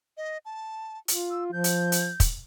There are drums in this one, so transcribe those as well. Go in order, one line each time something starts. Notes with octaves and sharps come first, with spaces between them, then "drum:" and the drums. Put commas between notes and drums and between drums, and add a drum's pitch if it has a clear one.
D#5
A5
F4, drum: hi-hat
E6
F3 G6
drum: hi-hat
drum: hi-hat
drum: kick, hi-hat